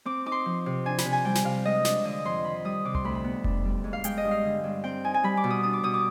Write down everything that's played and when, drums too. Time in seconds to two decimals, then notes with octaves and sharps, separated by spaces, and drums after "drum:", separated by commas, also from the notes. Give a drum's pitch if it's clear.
0.05 C4 D6
0.26 D#4 D6
0.32 C6
0.46 F3
0.66 C3
0.86 D4 G#5
0.98 B5, drum: snare
1.05 C3
1.12 G#5
1.25 G3 G5
1.35 drum: snare
1.44 C3 F5
1.65 G#3 D#5
1.85 D4, drum: snare
2.05 D3 D#5
2.25 F2 C6
2.45 D#3 B5
2.65 G3 D#6
2.85 C3 D6
2.95 C6, drum: tom C2
3.04 D2 B5
3.15 B5
3.24 B3
3.44 D4, drum: kick F1
3.65 G3
3.84 G#2
3.93 F5
4.04 G#3 G5, drum: hi-hat
4.17 D#5
4.24 G2
4.31 F5
4.45 D3
4.64 G2
4.84 C4 G5
5.04 D#4 G#5
5.14 G#5
5.23 G3 B5
5.37 D6
5.44 B2
5.50 D#6
5.63 D4 D#6
5.73 D6
5.83 B2 D#6
5.94 D6